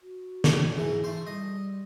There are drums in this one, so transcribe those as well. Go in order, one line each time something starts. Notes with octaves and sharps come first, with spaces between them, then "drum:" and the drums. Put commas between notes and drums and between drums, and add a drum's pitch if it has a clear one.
F#4
drum: snare
G#2 E3
A3 C5
G3 D#5